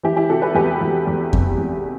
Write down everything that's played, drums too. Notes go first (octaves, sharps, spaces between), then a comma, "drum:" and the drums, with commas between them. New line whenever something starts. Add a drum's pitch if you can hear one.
E3 E4 G4
E4 G4
C3 F#4 A4
G4 B4
E2 G4 B4
E2
E2
C3, drum: kick F2
E2